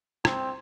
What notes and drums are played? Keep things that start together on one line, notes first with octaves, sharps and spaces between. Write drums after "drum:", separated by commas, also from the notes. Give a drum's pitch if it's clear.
C4, drum: rim click